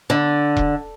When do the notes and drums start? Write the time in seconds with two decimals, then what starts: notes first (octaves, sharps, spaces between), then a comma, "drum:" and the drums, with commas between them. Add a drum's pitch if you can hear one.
0.10 D3
0.57 drum: kick E1